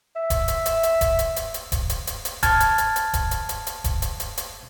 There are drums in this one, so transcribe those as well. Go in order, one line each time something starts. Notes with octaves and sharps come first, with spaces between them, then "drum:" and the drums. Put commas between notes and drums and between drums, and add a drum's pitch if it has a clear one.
E5
drum: kick D#1, hi-hat
drum: hi-hat
drum: hi-hat
drum: hi-hat
drum: kick D#1, hi-hat
drum: hi-hat
drum: hi-hat
drum: hi-hat
drum: kick D#1, hi-hat
drum: hi-hat
drum: hi-hat
drum: hi-hat
A5 F6 G#6 A6, drum: kick D#1, hi-hat
drum: hi-hat
drum: hi-hat
drum: hi-hat
drum: kick D#1, hi-hat
drum: hi-hat
drum: hi-hat
drum: hi-hat
drum: kick D#1, hi-hat
drum: hi-hat
drum: hi-hat
drum: hi-hat